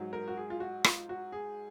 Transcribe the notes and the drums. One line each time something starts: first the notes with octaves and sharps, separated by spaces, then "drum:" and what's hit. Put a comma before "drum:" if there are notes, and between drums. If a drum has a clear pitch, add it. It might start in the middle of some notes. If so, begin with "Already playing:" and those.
Already playing: G#2 F#3
A#4
F#4
G#4
F4
F#4
F4, drum: rim click
F#4
G#4